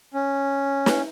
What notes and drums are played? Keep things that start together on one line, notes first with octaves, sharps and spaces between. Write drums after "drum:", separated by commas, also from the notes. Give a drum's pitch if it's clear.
C#4
drum: snare